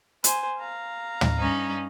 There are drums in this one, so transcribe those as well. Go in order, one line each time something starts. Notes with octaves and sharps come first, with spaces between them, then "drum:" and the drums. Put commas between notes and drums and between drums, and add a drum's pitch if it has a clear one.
C5 G#5, drum: hi-hat
F5 A#5
drum: tom
G2 C#4 D#4